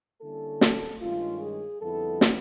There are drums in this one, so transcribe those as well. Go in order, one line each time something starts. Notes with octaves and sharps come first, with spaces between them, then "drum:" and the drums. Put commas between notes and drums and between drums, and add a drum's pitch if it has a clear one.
D3 G3 A#3 C#4 E4 A4
drum: snare
G2 D#3 G#3 C#4 F4
G#4
F2 D3 G3 B3 E4 A4
drum: snare